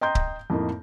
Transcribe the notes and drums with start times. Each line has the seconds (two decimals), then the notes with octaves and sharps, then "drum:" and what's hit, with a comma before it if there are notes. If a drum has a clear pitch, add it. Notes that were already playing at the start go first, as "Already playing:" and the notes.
0.01 D#5 G5 A#5 C6 G6
0.15 drum: kick C#1
0.50 F2 A2 A#3 D#4